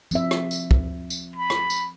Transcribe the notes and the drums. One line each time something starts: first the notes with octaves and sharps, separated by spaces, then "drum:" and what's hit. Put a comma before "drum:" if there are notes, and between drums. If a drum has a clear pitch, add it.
F3 C4 E5, drum: tambourine
drum: rim click
drum: tambourine
drum: kick
drum: tambourine
B5
drum: rim click
drum: tambourine